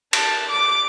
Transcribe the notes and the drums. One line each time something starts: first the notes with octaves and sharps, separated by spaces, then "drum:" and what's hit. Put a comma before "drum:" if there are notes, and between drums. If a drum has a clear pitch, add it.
A5, drum: cymbal
D6